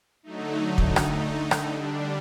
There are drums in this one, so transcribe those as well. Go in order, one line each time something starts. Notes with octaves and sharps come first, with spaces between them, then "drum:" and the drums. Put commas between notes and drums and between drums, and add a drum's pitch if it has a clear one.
D3 F#3 A3 D#4
drum: kick
D3 A3 D#4, drum: rim click
drum: rim click
D3 G3 D4